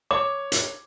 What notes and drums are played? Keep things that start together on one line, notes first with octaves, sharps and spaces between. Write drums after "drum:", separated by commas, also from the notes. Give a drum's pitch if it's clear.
C#5 D6
drum: hi-hat